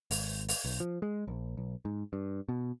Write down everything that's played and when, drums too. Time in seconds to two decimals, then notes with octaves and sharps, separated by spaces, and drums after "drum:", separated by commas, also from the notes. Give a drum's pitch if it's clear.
0.11 G#1, drum: open hi-hat
0.49 drum: open hi-hat
0.64 B1
0.80 F3
1.02 G#3
1.27 A#1
1.57 B1
1.85 G#2
2.13 G2
2.49 B2